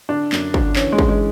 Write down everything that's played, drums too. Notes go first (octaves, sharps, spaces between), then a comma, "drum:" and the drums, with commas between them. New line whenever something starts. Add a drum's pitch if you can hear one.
D3 D4
F#2, drum: clap
D3, drum: kick
E3 C#4, drum: clap
G#3
E3, drum: kick
G#3